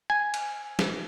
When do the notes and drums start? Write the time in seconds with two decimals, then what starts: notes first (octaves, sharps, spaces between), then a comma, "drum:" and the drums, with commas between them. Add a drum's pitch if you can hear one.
0.10 G#5
0.34 drum: cymbal
0.79 drum: snare